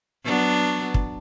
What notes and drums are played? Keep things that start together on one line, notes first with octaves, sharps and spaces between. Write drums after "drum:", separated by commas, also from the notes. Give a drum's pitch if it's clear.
F#3 B3 D4
drum: kick